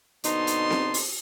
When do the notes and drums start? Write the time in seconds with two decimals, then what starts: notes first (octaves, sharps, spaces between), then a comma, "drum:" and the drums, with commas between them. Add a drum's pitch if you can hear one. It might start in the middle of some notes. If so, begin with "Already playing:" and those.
0.24 B2 D3 C4 D#4 A5 C6, drum: hi-hat
0.47 drum: hi-hat
0.70 drum: snare C4
0.94 drum: open hi-hat